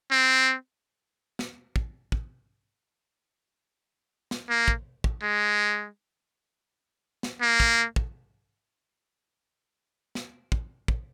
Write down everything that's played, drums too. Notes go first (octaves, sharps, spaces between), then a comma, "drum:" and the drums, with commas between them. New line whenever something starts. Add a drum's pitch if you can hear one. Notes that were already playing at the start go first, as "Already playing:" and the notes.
C4
drum: snare
drum: kick
drum: kick
drum: snare
A#3
drum: kick
drum: kick
G#3
drum: snare
A#3
drum: kick
drum: kick
drum: snare
drum: kick
drum: kick